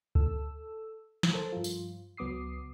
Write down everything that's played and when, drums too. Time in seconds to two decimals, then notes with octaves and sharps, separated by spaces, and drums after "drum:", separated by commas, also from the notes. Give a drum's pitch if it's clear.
0.15 A4 E6, drum: kick C#2
1.23 drum: snare
1.34 A4 A#4 C5 A5
1.52 G2 F3 F4
1.64 drum: tambourine
2.17 C#2 F#3 B3 D6 D#6 C7